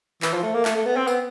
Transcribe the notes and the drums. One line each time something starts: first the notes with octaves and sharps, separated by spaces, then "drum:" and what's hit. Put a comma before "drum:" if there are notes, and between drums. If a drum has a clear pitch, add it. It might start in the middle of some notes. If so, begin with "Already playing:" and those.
E3, drum: clap
F3
A3
A#3
A3, drum: clap
A3
B3
C4
B3, drum: tambourine